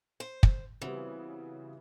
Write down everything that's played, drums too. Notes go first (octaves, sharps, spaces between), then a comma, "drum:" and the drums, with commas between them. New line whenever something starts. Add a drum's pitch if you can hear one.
C5
drum: kick
C#3 E3 G3 B3 C4 F#4